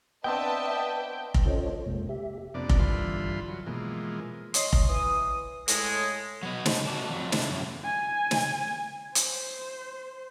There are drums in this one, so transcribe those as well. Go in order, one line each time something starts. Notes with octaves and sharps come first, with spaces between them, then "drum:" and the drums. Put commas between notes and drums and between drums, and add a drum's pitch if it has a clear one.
B3 C4 D4 B4 D#5 E5 G5 A5
drum: kick F1
C#4 F4 A4 C5 C#5 D#5
F2 C3 G#3 A#3
G4 E5
F2 C3 A#3 B3 D4 D5
drum: kick F1
G2 D3 E3 F4 B5 C6
F#3
B2 E3 F3 G#3 A#3
C#5 D#5 C6, drum: hi-hat
drum: kick F1
E3 D#6
A2 G#3, drum: hi-hat
F#3 B3 D#5
D#3 G#3 C#4 A4 C5, drum: snare
C3 D#3 F#4 D5 A5
F2 F#3
C#4 D4 E4 A4, drum: snare
F#2 C3
G#5
drum: snare
C5, drum: hi-hat